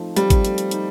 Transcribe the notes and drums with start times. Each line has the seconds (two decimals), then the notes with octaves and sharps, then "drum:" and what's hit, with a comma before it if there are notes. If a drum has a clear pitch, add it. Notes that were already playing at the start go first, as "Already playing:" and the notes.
Already playing: F3 A3 C4 D#4
0.17 G3 C4, drum: hi-hat
0.30 drum: kick G#1, hi-hat
0.45 A3, drum: hi-hat
0.58 drum: hi-hat
0.71 D#4, drum: hi-hat